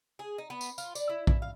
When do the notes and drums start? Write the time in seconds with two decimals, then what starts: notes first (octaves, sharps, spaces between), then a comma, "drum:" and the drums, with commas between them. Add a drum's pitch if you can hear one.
0.19 G#4
0.38 D#4
0.50 B3
0.61 drum: tambourine
0.78 F4, drum: tambourine
0.95 D5, drum: tambourine
1.09 E4
1.27 E4, drum: kick A#1
1.42 F5